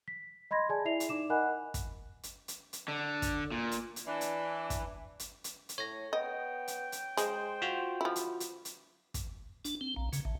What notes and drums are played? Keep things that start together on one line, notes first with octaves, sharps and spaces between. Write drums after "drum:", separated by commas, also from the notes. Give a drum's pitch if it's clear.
B6
D#5 B5 C6 G#6 A#6
G#4 D5 G#5 A5 G#6
E4 D5 E5 C7 F7
drum: hi-hat
D#4 D6 E7
A#4 D#5 F#5 G#5 B5 F#6
drum: kick, hi-hat
drum: hi-hat
drum: hi-hat
drum: hi-hat
D3
drum: kick, hi-hat
A#2
drum: hi-hat
drum: hi-hat
E3 D4
drum: hi-hat
drum: kick, hi-hat
drum: hi-hat
drum: hi-hat
drum: hi-hat
A2 C#5 A#6
B3 D#5 G5
drum: hi-hat
drum: hi-hat
G#3 C5, drum: hi-hat
F4 F#4
F3 E4
drum: hi-hat
drum: hi-hat
drum: hi-hat
drum: kick, hi-hat
D4, drum: hi-hat
C4
A#1
C#3, drum: hi-hat
A1